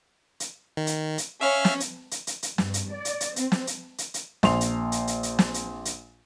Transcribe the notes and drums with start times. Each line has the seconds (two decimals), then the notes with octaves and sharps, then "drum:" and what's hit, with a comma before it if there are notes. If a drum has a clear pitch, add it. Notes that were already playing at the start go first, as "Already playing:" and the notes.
0.40 drum: hi-hat
0.77 D#3
0.87 drum: hi-hat
1.18 drum: hi-hat
1.41 C#4 E5 F5 F6
1.65 drum: snare
1.80 drum: hi-hat
2.11 drum: hi-hat
2.27 drum: hi-hat
2.43 drum: hi-hat
2.58 G2, drum: snare
2.74 drum: hi-hat
2.92 D5
3.05 drum: hi-hat
3.20 drum: hi-hat
3.36 C4, drum: hi-hat
3.52 drum: snare
3.67 drum: hi-hat
3.98 drum: hi-hat
4.14 drum: hi-hat
4.43 A#1 C6 F7, drum: snare
4.61 drum: hi-hat
4.92 drum: hi-hat
5.07 drum: hi-hat
5.23 drum: hi-hat
5.39 drum: snare
5.54 drum: hi-hat
5.85 drum: hi-hat